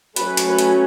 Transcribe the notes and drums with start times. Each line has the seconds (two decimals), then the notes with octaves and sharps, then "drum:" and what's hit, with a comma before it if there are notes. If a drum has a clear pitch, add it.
0.16 F#3 A3 C#4 B4, drum: hi-hat
0.37 drum: hi-hat
0.48 B4
0.59 drum: hi-hat